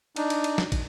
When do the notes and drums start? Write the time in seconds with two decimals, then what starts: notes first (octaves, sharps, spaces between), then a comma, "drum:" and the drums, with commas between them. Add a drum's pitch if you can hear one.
0.16 D4 D#4, drum: cymbal
0.30 drum: cymbal
0.44 drum: cymbal
0.58 drum: snare
0.72 drum: kick, cymbal